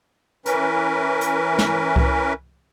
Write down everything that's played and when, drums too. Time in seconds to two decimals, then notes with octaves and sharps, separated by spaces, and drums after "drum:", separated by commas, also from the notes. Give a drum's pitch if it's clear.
0.46 E3 C#4 A#4 B4, drum: hi-hat
1.21 drum: hi-hat
1.59 drum: snare
1.96 drum: kick C2